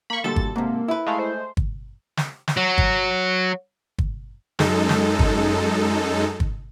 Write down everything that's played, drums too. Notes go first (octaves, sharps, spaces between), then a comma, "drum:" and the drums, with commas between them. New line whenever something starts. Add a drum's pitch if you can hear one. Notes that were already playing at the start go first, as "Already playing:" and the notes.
A#3 B5 C#6
D2 A#2 G3 A4 A6
drum: kick
G#2 C3 A#3
E4 B4
G#3 A3 F5
C5
drum: kick
drum: snare
drum: snare
F#3
drum: kick
drum: kick
F#2 G#3 D#4 A4, drum: snare
drum: snare
drum: kick
drum: kick